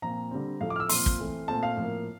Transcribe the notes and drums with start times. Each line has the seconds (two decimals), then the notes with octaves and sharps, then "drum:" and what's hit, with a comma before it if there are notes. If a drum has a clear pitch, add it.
0.02 A#2 F3 C4 A#5
0.31 D3 G3 C4
0.61 A2 F3 A3 F5
0.70 D6
0.76 F6
0.80 E6
0.89 A#2 F3 C4 C6, drum: open hi-hat
1.06 drum: kick
1.19 E3 A3 C4
1.48 A#2 A3 C4 A5
1.63 F5
1.77 A2 F3 A#3